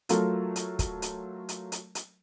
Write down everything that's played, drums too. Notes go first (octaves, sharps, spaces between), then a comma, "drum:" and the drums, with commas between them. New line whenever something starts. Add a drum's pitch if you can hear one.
F#3 A3 F4 A4 A#4, drum: hi-hat
drum: hi-hat
drum: kick, hi-hat
drum: hi-hat
drum: hi-hat
drum: hi-hat
drum: hi-hat